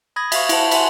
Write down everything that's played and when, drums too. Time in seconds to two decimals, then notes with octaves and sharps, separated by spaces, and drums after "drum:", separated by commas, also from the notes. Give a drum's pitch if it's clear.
0.16 B5 D#6 G#6 A#6
0.32 E5 F5 C#6, drum: cymbal
0.49 E4 C5 F#5 A5, drum: cymbal
0.71 E5 F#5 G#5 C6, drum: cymbal